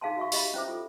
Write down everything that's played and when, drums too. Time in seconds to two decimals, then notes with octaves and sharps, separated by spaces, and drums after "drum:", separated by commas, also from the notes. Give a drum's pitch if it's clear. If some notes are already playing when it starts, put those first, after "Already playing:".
0.01 D#4 G#4 F5 G#5 A5 C6
0.17 F#4 E5 F5 C#6
0.32 G4 D#5 F5 B5, drum: open hi-hat
0.54 C#4 E4 C5 E5 D6
0.68 F4 A4